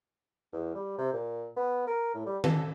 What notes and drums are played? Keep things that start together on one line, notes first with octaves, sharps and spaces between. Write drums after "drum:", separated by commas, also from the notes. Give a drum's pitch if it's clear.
E2
G3
C3
A#2
B3
A#4
A2
G3
A4, drum: tom D#3